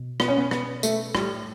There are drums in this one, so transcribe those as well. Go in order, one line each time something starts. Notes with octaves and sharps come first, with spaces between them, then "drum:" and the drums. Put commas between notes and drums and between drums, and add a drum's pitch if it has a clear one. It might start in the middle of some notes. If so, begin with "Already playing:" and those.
Already playing: B2
B3, drum: rim click
C#4
B3
B3, drum: rim click
A3, drum: tambourine
A2 G3, drum: rim click